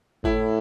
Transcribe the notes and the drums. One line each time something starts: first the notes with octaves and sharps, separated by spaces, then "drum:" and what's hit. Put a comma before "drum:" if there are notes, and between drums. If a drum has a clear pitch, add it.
A2 E4, drum: kick G1